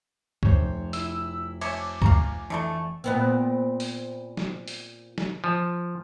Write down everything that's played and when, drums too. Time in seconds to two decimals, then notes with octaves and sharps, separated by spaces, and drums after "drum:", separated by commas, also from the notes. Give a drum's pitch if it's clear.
0.43 F1 C5 C#5, drum: kick C#2
0.93 E4 E6, drum: open hi-hat
1.61 C4 C#5 E5 G#5 A5 D6, drum: cymbal
2.02 D#5 F5 G#5 A#5 C#6, drum: kick C#2
2.50 D3 E3 A3 A4
3.04 A#2 B3 C4
3.80 drum: open hi-hat
4.37 drum: snare
4.68 drum: open hi-hat
5.18 drum: snare
5.44 F3